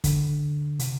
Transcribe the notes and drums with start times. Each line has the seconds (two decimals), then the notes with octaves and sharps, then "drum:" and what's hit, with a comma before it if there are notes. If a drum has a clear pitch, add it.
0.04 D3, drum: kick, hi-hat
0.79 C3, drum: hi-hat